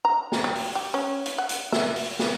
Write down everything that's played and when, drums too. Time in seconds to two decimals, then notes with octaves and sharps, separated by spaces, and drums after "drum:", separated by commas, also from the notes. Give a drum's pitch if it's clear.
0.05 A#5
0.32 drum: snare
0.44 G3
0.55 drum: open hi-hat
0.75 G4
0.94 C#4
1.26 drum: hi-hat
1.38 F#5
1.49 drum: hi-hat
1.72 E5, drum: snare
1.96 drum: open hi-hat
2.19 drum: snare